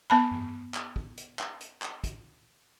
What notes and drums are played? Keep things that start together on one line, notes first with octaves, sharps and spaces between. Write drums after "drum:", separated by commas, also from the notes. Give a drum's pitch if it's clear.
B3 A5 B5
drum: tom G2
drum: clap
drum: kick
drum: hi-hat
drum: clap
drum: hi-hat
drum: clap
drum: kick, hi-hat